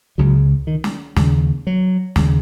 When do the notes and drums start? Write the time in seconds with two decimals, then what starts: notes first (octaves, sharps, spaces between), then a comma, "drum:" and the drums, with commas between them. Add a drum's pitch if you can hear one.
0.18 C#2 C#3 F#3
0.67 D#3
0.84 drum: snare
1.16 D#2 C#3, drum: snare
1.67 F#3
2.16 D#2 C#3, drum: snare